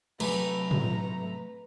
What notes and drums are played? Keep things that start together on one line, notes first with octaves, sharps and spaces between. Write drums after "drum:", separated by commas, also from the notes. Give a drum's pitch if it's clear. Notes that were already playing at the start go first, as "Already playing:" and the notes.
C3 F#3 A3 A4 B4 G#5 A#5, drum: cymbal
drum: tom